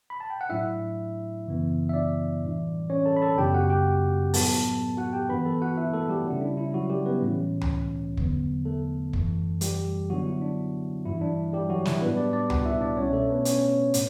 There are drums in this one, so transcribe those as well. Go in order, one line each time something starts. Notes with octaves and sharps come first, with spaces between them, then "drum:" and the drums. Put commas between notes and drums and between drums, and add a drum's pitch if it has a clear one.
B5
A5
G5
F#5
A2 F#3 A3 D4 E4 E5
F#2 C#3 E3 B3
E5
D4 D5
A2 E3 G3 D4
C#4 C#5
A4 A5
B5
A4 A5
F#2 C#3 G3 B3 D4 G4 G5
F#4 F#5
G4 G5
A2 F#3 B3 A4 A5, drum: open hi-hat
F#4 F#5
G4 G5
G2 E3 B3 D4 B4 B5
A4 A5
F#4 F#5
E4 E5
A3 A4
G3 G4
C#3 G3 C#4 E4
D4
E4
F#3 F#4
G3 G4
B3 B4
A2 E3 A3 C#4
drum: tom C#2
E2 D3 F#3 B3, drum: kick
A3 A4
F#2 E3 A3, drum: kick
G3 G4, drum: hi-hat
D3 F#3 B3 D4 F#4
E4
D4
G2 E3 G3 E4
D4
G3 G4
F#3 F#4
E4, drum: snare
A2 G3 B3 D4 B4
D4 D5
D4 D5
F#4 F#5, drum: tom C#2
E4 E5
D4 D5
B2 A3 C#4 D4 C#5
A3 A4
B3 B4
C#4 C#5, drum: hi-hat
A2, drum: hi-hat